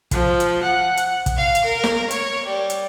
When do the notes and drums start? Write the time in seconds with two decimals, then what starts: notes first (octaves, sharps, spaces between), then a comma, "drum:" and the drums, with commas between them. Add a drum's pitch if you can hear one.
0.11 F3, drum: kick, hi-hat
0.40 drum: hi-hat
0.63 F#5
0.97 drum: hi-hat
1.26 drum: kick, hi-hat
1.36 F5
1.55 drum: hi-hat
1.66 A#4
1.84 drum: snare
2.11 C#5, drum: hi-hat
2.46 G3
2.70 drum: hi-hat